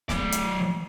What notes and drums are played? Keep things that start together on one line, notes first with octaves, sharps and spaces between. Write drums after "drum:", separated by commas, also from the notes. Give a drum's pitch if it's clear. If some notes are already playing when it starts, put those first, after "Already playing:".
F#3 D5, drum: snare
drum: hi-hat